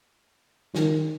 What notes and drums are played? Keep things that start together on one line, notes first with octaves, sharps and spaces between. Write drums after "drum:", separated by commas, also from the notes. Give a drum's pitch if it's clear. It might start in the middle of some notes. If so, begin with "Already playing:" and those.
D#3, drum: snare